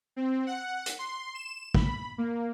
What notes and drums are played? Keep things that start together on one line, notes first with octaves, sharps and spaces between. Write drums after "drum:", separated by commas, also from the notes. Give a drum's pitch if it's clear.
C4
F#5
drum: hi-hat
C6
E7
B5, drum: kick
A#3